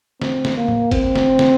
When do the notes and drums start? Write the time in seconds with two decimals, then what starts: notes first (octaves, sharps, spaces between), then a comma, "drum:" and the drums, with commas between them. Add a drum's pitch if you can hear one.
0.22 C4, drum: snare
0.45 drum: snare
0.57 A#3
0.68 drum: tom A2
0.91 C4, drum: kick F#1, cymbal
1.16 drum: snare
1.39 drum: snare